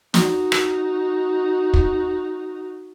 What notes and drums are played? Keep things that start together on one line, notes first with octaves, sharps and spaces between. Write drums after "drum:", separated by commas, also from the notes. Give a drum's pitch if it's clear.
D#4 F#4, drum: snare
drum: rim click
drum: kick